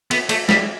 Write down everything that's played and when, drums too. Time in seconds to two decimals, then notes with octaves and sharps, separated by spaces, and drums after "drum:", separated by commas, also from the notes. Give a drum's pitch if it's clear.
0.11 B3, drum: cymbal
0.29 A3, drum: cymbal
0.49 G3, drum: snare